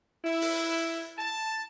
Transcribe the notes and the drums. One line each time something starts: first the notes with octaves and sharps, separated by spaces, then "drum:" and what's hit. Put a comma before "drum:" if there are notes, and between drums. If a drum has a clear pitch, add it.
E4
drum: open hi-hat
A5